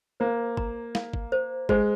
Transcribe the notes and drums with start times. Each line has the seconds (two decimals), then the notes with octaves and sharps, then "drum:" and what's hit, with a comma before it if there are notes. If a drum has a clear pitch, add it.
0.20 A#3 C5
0.57 A#5, drum: kick
0.95 F5, drum: snare
1.13 drum: kick
1.32 C5
1.69 G#3 C5, drum: kick